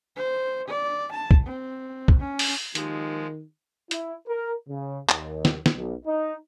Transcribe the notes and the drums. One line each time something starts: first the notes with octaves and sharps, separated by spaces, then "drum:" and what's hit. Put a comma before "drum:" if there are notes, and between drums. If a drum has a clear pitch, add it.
C5
D5
A5
drum: kick B1
C4
drum: kick B1
C#4
drum: open hi-hat
D#2 D#3 F3 G#3, drum: hi-hat
E4, drum: hi-hat
A#4
C#3
D#2, drum: clap
drum: snare
drum: snare
B1
D#4